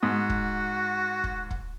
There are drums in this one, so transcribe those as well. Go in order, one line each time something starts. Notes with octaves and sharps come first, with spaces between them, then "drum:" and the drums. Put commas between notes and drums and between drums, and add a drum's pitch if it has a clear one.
G#2 F#4 D#6
drum: kick
drum: kick
drum: kick